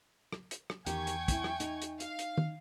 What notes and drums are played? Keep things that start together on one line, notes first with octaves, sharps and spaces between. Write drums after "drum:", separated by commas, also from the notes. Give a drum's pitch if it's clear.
drum: rim click
drum: hi-hat
drum: rim click
E2 D#3 G4 G5 G#5 C#6 G#6, drum: hi-hat
drum: hi-hat
C4 E4, drum: kick, hi-hat
drum: rim click
D#4, drum: hi-hat
drum: hi-hat
F5, drum: hi-hat
drum: hi-hat
drum: tom